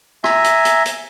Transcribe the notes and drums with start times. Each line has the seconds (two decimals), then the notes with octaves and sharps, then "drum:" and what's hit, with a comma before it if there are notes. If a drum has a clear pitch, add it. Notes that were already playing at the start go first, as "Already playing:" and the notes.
0.24 E5 G#5 A#5, drum: rim click
0.44 drum: hi-hat
0.65 drum: hi-hat
0.86 drum: hi-hat